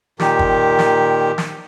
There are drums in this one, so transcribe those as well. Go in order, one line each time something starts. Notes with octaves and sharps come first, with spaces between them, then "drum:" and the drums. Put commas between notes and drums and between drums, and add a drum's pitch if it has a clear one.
A#2 D#3 G4, drum: snare
drum: kick G1
drum: snare
drum: snare